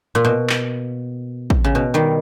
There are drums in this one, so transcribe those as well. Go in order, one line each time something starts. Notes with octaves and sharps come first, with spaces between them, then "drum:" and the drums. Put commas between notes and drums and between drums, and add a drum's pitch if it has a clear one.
A#2
B2
drum: clap
drum: kick
C#3
B2
D#3 G3